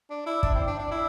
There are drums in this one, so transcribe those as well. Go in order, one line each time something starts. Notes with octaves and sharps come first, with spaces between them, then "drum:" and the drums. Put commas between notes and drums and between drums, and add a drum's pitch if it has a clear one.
D4
E4
D4, drum: kick
C4
D4
D4
E4